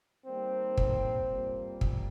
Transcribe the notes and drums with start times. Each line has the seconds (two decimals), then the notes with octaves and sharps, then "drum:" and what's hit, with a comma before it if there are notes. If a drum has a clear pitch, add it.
0.25 D#3 G3 A#3 C4
0.77 drum: kick
1.29 A#2 G3 A#3
1.81 drum: kick